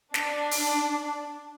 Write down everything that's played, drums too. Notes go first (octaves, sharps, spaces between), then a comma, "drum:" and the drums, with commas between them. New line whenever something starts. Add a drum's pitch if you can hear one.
D4, drum: snare
drum: open hi-hat